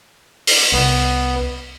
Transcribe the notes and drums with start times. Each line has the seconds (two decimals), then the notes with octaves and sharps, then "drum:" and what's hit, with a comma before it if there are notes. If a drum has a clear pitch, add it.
0.47 drum: open hi-hat
0.72 C2 B3